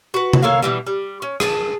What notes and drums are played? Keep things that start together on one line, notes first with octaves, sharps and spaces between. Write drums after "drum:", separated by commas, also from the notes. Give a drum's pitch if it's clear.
F#4 B4
drum: tom C3
A#3 A4 C#5 F5
B2 E3 G3
G3
C#4
G#4 A5, drum: rim click